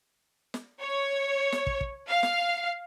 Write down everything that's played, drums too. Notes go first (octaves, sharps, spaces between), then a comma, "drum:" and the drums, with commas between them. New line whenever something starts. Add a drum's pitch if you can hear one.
drum: snare
C#5
drum: snare
drum: kick
drum: kick
F5
drum: snare